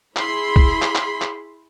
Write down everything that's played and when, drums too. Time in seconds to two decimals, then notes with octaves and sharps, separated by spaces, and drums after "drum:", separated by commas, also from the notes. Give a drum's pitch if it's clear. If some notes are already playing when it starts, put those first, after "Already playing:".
0.17 E4 G#4 B5 C6, drum: clap
0.56 drum: kick
0.82 drum: clap
0.95 drum: clap
1.22 drum: clap